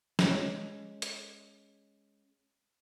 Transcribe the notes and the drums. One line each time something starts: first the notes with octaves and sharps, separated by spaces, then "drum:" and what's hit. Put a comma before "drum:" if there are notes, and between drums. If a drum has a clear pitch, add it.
G#3 C#4, drum: snare
drum: hi-hat